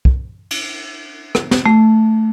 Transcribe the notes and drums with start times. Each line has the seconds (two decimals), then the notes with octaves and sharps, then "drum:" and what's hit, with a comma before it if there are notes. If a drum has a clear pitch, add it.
0.05 drum: kick
0.51 drum: cymbal
1.35 drum: rim click
1.51 drum: snare
1.66 A3